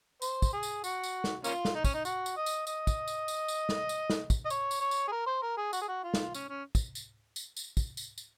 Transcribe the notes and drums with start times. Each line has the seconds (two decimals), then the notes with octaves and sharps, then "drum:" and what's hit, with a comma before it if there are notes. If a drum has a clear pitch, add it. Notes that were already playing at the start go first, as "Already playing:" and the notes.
0.22 C5, drum: tambourine
0.42 drum: kick, tambourine
0.53 G#4
0.63 drum: tambourine
0.84 F#4, drum: tambourine
1.04 drum: tambourine
1.24 drum: snare
1.44 A#3 C#4 F4, drum: tambourine
1.65 drum: snare
1.75 D#4
1.84 C#4, drum: kick, tambourine
1.94 D#4
2.05 F#4, drum: tambourine
2.26 drum: tambourine
2.37 D#5
2.46 drum: tambourine
2.67 D#5, drum: tambourine
2.87 drum: kick, tambourine
3.08 drum: tambourine
3.28 drum: tambourine
3.48 drum: tambourine
3.69 drum: snare
3.89 drum: tambourine
4.10 drum: snare
4.30 drum: kick, tambourine
4.45 D#5
4.50 C#5, drum: tambourine
4.71 drum: tambourine
4.80 C#5
4.91 drum: tambourine
5.08 G#4
5.12 A#4
5.26 C5
5.42 A#4
5.57 G#4
5.73 F#4, drum: tambourine
5.81 G#4
5.88 F#4
6.04 F4
6.14 drum: snare
6.34 C#4, drum: tambourine
6.49 C#4
6.75 drum: kick, tambourine
6.95 drum: tambourine
7.36 drum: tambourine
7.56 drum: tambourine
7.77 drum: kick, tambourine
7.97 drum: tambourine
8.18 drum: tambourine